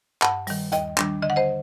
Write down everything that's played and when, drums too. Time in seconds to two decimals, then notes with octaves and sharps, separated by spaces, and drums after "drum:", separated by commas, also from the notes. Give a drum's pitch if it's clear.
0.22 G2 F#5 A5, drum: clap
0.47 D#3 G3, drum: open hi-hat
0.72 D#2 D#5 G5, drum: hi-hat
0.98 D#3 G3 D4, drum: clap
1.22 D3 D#5
1.30 F#5
1.36 C5 D#5